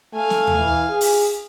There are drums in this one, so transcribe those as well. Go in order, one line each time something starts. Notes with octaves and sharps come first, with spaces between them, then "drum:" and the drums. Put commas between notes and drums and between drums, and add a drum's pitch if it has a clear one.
A3 F5 G#5
drum: snare
drum: tom D#2
E3
G#4
drum: open hi-hat